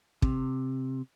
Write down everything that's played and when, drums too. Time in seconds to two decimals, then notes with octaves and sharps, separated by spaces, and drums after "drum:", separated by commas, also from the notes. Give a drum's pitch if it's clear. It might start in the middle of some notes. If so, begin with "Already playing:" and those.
0.22 C3, drum: kick